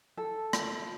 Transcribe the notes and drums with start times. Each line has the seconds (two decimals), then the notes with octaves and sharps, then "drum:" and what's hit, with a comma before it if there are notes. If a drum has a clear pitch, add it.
0.17 A4
0.53 drum: rim click